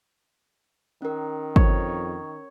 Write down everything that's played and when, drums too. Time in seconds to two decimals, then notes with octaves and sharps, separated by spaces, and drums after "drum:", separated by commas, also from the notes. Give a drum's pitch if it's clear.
1.02 D#3 C#4 A#4
1.56 F2 C#5, drum: kick